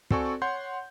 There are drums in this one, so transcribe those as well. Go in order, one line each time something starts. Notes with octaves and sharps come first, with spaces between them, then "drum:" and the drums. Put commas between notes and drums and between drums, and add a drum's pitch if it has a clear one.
C4 F#4 A4 D5 G#5 C#6, drum: kick
C#5 F#5 C6 G6